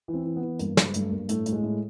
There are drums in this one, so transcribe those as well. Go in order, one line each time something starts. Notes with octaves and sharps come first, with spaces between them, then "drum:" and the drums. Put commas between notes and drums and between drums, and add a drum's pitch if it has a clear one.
E3
C4
E3
B3
E3
G2 A#3, drum: hi-hat
F#3 G#3, drum: snare
G2 A3, drum: hi-hat
G2 A#3
A2 A3, drum: hi-hat
A2, drum: hi-hat
G#3
A2